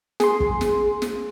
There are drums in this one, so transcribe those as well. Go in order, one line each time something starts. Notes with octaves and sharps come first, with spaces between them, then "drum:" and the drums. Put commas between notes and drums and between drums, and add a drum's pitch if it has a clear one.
G#4 C6, drum: snare
drum: kick
drum: snare
drum: snare